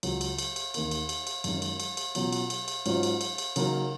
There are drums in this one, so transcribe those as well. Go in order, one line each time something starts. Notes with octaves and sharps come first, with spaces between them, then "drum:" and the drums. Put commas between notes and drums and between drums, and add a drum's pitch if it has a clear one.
C#2 C#3 F#3, drum: cymbal
drum: cymbal
drum: cymbal
drum: cymbal
D#2 D#3 A#3, drum: cymbal
drum: cymbal
drum: cymbal
drum: cymbal
F#2 D#3 G#3 C#4, drum: cymbal
drum: cymbal
drum: cymbal
drum: cymbal
B2 F#3 C#4 F4, drum: cymbal
drum: cymbal
drum: cymbal
drum: cymbal
G#2 F#3 C#4 F4, drum: cymbal
drum: cymbal
drum: cymbal
drum: cymbal
C#3 F#3 A#3 D#4, drum: cymbal